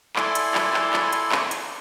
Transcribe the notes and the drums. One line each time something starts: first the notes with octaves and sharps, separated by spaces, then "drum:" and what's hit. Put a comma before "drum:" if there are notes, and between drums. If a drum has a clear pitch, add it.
E4 A4 D5 G#5 C6, drum: clap
drum: hi-hat
drum: clap
drum: clap
drum: clap
drum: hi-hat
drum: clap
drum: hi-hat